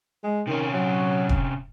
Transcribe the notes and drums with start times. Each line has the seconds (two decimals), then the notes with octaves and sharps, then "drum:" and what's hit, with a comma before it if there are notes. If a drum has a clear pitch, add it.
0.23 G#3
0.47 C3 D#3 C#4
0.73 F#3
1.29 drum: kick E1